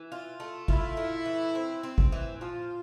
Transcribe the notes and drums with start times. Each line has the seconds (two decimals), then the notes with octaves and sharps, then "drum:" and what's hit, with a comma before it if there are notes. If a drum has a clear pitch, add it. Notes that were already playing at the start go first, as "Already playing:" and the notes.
Already playing: E3
0.12 F4
0.40 A3
0.68 E4 F4, drum: kick
0.97 A3
1.26 E3
1.55 C4
1.83 C4
1.98 drum: kick
2.12 E3
2.40 F3 F4